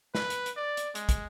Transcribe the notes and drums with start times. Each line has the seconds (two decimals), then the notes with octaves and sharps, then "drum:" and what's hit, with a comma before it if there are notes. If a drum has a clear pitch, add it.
0.15 B4, drum: snare
0.30 drum: hi-hat
0.46 drum: hi-hat
0.57 D5
0.77 drum: hi-hat
0.95 G#3, drum: hi-hat
1.09 drum: kick, hi-hat